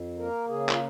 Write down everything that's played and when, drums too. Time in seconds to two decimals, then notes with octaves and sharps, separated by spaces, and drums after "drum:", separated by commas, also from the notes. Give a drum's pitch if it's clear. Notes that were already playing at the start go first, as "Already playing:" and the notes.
Already playing: F2
0.19 A#3 A#4
0.49 C#3 G#4
0.69 F4, drum: clap